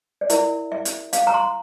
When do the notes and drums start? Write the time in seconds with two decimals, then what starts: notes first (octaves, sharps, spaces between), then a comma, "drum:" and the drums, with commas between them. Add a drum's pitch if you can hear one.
0.21 D5
0.30 E4 A#4 E5, drum: hi-hat
0.72 E5
0.85 drum: hi-hat
1.13 F5, drum: hi-hat
1.27 A#5
1.34 C6